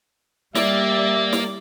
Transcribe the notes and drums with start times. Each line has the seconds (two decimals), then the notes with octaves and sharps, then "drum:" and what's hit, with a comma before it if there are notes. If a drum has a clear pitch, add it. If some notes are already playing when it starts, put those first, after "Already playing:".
0.55 G3 A#3 D5 E5, drum: snare
1.33 drum: snare